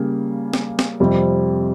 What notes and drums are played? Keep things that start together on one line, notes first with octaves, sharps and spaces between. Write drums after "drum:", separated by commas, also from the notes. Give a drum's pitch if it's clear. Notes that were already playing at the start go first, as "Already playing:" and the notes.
Already playing: C#3 G3 A#3
drum: snare
drum: snare
F2 C3 G3 C4